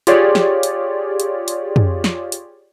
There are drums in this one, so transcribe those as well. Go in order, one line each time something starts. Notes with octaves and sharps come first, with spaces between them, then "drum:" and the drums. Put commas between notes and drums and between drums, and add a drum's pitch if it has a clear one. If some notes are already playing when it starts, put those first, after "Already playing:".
F4 G4 G#4 C#5 D5, drum: hi-hat
drum: snare
drum: hi-hat
drum: hi-hat
drum: hi-hat
drum: tom
drum: snare
drum: hi-hat